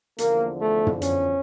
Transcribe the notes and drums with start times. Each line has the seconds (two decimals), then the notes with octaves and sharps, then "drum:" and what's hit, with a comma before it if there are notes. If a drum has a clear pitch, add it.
0.18 E2 D3 F3 A#3, drum: hi-hat
0.60 A3
0.87 drum: tom
1.02 C#4, drum: hi-hat